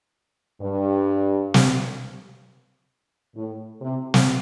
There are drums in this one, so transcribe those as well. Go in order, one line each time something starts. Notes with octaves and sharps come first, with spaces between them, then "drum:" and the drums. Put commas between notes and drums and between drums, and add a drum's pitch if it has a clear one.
G2
drum: snare
A2
C3
drum: snare